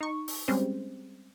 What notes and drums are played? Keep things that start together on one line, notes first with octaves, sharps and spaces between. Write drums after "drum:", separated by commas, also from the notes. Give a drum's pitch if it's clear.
D#4 C#6
drum: open hi-hat
G3 G#3 C4 C#4 C5